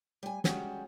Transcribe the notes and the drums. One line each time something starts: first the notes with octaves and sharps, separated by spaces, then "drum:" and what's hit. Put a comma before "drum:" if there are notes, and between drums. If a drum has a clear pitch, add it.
G3 G#5
G3 G#3 C#4 F#4, drum: snare